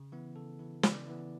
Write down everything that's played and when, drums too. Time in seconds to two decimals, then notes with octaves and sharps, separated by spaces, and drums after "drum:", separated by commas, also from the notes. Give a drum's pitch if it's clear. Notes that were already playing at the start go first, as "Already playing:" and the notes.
Already playing: C#3
0.12 E3 B3 E4
0.35 C#3 A4
0.59 E3 B3 E4
0.83 C#3 D5, drum: snare
1.07 E3 B3 E4